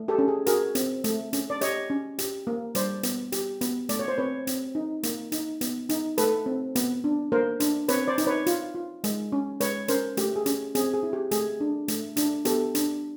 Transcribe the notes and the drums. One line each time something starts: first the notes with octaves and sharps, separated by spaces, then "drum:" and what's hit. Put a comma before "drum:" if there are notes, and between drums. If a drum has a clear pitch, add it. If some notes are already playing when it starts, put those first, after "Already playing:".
Already playing: A3
G4 A4
C#4
G#4
F#4 G#4 A#4, drum: hi-hat
C4, drum: hi-hat
A3, drum: hi-hat
C#4, drum: hi-hat
D5
G4 C#5 D#5, drum: hi-hat
C#4
G4, drum: hi-hat
A#3
G3 C5 D5, drum: hi-hat
B3, drum: hi-hat
G4, drum: hi-hat
B3, drum: hi-hat
A3 D5, drum: hi-hat
C#5
C5
C4 B4 C#5
C4, drum: hi-hat
D#4
A#3, drum: hi-hat
D#4, drum: hi-hat
B3, drum: hi-hat
D#4, drum: hi-hat
A3 A4 B4, drum: hi-hat
C4
B3, drum: hi-hat
D4
A#3 A#4 C5
D4, drum: hi-hat
C4 B4 C#5, drum: hi-hat
C5 D5
D#4, drum: hi-hat
B4 C#5
F4, drum: hi-hat
F4
G#3, drum: hi-hat
C#4
G#3 B4 C#5, drum: hi-hat
C#4 A#4 C5, drum: hi-hat
A3 G4, drum: hi-hat
G#4
C#4, drum: hi-hat
C4 G#4, drum: hi-hat
G#4
E4
G4
A3 G#4, drum: hi-hat
D4
A3, drum: hi-hat
D4, drum: hi-hat
B3 G4 A4, drum: hi-hat
D4, drum: hi-hat